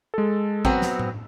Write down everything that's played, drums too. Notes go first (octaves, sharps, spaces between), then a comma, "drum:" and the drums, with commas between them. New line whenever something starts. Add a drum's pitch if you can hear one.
G#3 A4
F#3 B3 C4 E6, drum: kick A1
drum: snare
drum: tom A2